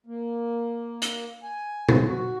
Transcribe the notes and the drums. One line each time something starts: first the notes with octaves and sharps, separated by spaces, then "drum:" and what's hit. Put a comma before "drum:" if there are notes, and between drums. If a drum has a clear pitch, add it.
A#3
drum: hi-hat
G#5
drum: tom
F#4